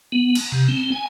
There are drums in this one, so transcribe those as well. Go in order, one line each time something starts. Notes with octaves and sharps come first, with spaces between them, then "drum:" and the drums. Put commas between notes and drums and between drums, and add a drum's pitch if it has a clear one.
B3
drum: cymbal
C3
C4
G#5